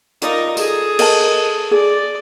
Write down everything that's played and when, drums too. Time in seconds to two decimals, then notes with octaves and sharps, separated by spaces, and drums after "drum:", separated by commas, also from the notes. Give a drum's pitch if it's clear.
0.22 D#4 F4 A#4 D5 D#5, drum: hi-hat
0.57 G#4 A4, drum: tambourine
0.99 A#4 D#5 A5, drum: cymbal
1.71 G#4 D5